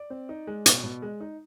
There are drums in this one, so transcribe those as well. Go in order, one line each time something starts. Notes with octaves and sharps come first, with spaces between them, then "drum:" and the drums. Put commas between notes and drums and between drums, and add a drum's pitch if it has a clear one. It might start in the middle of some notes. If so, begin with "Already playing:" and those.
Already playing: D5
C4
D#4
G#3
B2, drum: hi-hat
B2
G#3
D#4